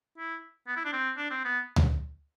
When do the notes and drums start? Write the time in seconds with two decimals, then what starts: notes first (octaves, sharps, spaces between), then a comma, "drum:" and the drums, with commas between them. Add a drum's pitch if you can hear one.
0.18 E4
0.67 B3
0.77 E4
0.84 D4
0.93 C4
1.17 D4
1.31 C4
1.45 B3
1.76 drum: tom D2